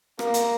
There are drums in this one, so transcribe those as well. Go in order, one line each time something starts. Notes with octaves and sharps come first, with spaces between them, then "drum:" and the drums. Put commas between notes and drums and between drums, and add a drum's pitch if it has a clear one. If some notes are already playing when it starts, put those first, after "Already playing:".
A#3, drum: rim click
drum: hi-hat